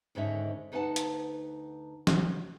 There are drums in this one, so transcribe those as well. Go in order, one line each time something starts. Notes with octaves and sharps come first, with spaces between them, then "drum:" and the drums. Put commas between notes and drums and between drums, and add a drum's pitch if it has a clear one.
D#2 G#2 D3 C#4 D#4 E5
D2 D#4 B4 D#5 F#5 A5
drum: hi-hat
drum: snare